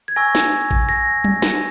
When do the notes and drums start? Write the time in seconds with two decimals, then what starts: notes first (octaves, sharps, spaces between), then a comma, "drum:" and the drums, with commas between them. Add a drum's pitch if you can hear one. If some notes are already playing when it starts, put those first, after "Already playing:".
0.08 G#6
0.16 G#5 C#6 E6 A#6
0.35 drum: snare
0.71 drum: kick A1
0.89 A#6
1.24 drum: tom F#3
1.42 drum: snare